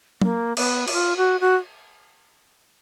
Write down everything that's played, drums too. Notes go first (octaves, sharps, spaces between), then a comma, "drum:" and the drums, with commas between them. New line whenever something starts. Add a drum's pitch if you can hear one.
A#3, drum: tom F#3
B3, drum: cymbal
F#4, drum: cymbal
F4
F#4
F#4